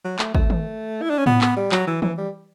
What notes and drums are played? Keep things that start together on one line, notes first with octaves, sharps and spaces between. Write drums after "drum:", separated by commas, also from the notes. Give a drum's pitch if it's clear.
F#3
A3, drum: clap
A3, drum: kick
drum: tom D#3
E4
D4
C#4
B3, drum: tom A2
B3, drum: clap
G3
F#3, drum: clap
E3
E3, drum: tom E3
G3